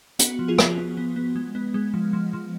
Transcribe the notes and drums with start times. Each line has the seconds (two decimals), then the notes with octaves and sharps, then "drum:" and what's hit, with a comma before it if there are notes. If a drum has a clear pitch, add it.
0.19 B3 F#4, drum: hi-hat
0.39 F3
0.48 F4 G#4
0.58 B3, drum: rim click
0.77 B3
0.97 B3
1.16 B3
1.36 G#3
1.55 B3
1.74 G#3
1.94 F3
2.13 F3
2.33 F3